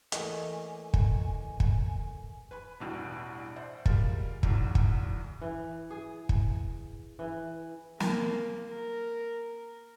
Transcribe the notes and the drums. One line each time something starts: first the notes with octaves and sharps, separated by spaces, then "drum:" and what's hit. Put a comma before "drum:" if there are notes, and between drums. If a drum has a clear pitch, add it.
E2 A3 A#3 D#5 G#5, drum: hi-hat
drum: kick
drum: kick
B4 G#5 B5
A1 E2 G2 B2
C5 D5 E5 F#5
G3 G#3 F4 A#4 A6, drum: kick
E1 B1 E2, drum: kick
drum: kick
E3
G#4
drum: kick
E3
A#3, drum: snare
A#4